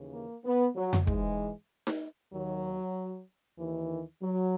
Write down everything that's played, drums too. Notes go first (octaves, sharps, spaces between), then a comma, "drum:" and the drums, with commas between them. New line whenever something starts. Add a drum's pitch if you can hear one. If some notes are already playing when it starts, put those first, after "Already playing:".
Already playing: D#2 C#3 E3
A#3
B3
F#3
drum: tom F2
G#2 E3 G#3, drum: kick
drum: snare D#4
D#2 D#3 F#3
D#2 D#3 E3
F#3